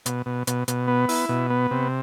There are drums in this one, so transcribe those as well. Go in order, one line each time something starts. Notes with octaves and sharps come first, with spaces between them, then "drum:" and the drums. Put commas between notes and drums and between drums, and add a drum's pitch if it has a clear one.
B2, drum: hi-hat
B2
B2, drum: hi-hat
B2, drum: hi-hat
B3
E4, drum: open hi-hat
B2
B3
C3